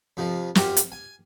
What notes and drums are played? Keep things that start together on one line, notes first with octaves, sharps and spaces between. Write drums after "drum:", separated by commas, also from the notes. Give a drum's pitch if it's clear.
F2 C3 F3
F#2 F4 G4, drum: snare
drum: hi-hat
G#5